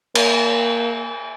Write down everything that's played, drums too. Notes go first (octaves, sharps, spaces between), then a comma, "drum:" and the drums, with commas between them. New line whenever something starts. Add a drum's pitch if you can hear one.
A#3, drum: cymbal